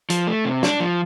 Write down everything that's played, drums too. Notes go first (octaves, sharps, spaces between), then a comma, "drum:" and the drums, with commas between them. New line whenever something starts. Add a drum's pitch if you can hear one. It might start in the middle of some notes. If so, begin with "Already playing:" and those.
F3, drum: hi-hat
A3
C3
D4, drum: snare
F3